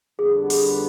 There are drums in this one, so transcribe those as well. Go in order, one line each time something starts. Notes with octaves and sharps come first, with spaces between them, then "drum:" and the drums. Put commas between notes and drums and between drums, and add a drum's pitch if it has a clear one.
F2 D3 G3 B3 G#4
G#4, drum: open hi-hat